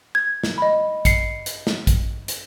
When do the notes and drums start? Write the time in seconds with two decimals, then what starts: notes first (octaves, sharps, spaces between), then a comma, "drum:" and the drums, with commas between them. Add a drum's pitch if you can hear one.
0.15 G#6
0.44 drum: snare
0.58 D#5 B5
1.05 C7 C#7, drum: kick A1, hi-hat
1.46 drum: hi-hat
1.67 drum: snare
1.87 drum: kick A1, hi-hat
2.28 drum: hi-hat